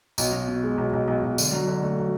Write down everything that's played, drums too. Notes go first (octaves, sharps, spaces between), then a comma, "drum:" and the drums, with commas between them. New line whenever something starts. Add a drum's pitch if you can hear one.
B1, drum: tambourine
B2
B2
G#3
B1
B1
B1
B1
D3, drum: tambourine
F#3
D3
A3
F#3